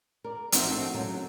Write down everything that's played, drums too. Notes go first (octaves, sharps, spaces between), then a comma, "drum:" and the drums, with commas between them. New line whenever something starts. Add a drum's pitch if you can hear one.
A#4 D5
F3 A#3 C4 D#4 F#4 E5, drum: hi-hat
A3 C4 D4 F#4
F#3 A3 A#3 C#4 D#4